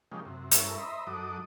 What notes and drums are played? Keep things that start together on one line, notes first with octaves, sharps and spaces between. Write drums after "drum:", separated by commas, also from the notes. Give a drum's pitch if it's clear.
C#3 F3 G#3 A#3 D#4 G4
F#2 C3
G2 C#4 E4 A4 A#4, drum: hi-hat
C5 D#5 E5 A#5 B5
F#2 F#3 D#4 A4 D6 D#6